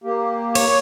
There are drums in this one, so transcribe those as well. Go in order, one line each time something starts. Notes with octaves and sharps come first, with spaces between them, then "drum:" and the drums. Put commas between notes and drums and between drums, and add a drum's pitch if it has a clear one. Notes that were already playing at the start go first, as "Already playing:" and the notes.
A#3 G4
C#5, drum: cymbal